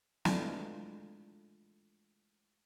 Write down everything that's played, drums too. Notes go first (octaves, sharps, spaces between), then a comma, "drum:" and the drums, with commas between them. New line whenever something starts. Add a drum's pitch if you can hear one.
E3 G#3 A3 D4 F4, drum: snare